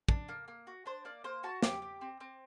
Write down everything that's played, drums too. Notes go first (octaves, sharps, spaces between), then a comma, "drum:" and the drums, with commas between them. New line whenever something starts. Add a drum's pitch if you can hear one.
D4, drum: kick
A#3
A#3
F#4
D4 C5
A#3 D5
A#3 C5
F#4 A5
G4 D6, drum: snare
G4
C4
C4